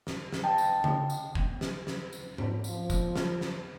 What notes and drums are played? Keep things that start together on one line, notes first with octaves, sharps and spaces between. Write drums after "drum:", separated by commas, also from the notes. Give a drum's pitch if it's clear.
drum: snare
drum: snare
D#5 G5 A5
drum: tambourine
drum: tom C#3
drum: tambourine
drum: kick
drum: snare
drum: snare
drum: tambourine
drum: tom G#2
F3, drum: tambourine
drum: kick, tambourine
drum: snare
drum: snare